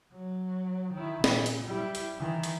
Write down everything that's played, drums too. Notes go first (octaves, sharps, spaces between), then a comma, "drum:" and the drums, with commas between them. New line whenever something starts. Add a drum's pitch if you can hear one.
F#3
D#3 E4
A#2, drum: snare
drum: hi-hat
G3 E4
drum: hi-hat
D#3 E3
drum: hi-hat